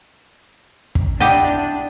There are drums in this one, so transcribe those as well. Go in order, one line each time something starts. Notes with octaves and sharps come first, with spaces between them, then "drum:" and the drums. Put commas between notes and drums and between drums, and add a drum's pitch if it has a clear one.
drum: kick
D4 E4 G4 D#5 F#5 G5